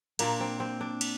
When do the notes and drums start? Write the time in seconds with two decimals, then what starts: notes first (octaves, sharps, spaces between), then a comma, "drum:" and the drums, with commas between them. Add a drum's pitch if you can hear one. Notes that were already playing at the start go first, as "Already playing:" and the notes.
0.19 A#2 A#3 D4, drum: cymbal
0.40 C4
0.60 C4
0.81 D4
1.01 drum: cymbal